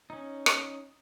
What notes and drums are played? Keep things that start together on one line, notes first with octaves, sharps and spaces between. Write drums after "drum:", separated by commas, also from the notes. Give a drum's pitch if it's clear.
C#4 D#4
drum: rim click